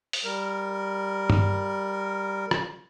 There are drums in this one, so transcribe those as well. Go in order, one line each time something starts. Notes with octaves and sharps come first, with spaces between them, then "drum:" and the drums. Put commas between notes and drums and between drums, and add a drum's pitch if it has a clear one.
drum: open hi-hat
G3 A#4
drum: tom G2
drum: rim click